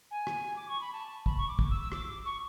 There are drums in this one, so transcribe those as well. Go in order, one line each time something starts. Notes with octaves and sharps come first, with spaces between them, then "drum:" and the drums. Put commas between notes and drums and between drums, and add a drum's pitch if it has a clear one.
G#5
drum: rim click
D6
C#6
B5
A5
B5, drum: kick
C#6
D6
D6, drum: kick
E6
E6
D6, drum: rim click
C#6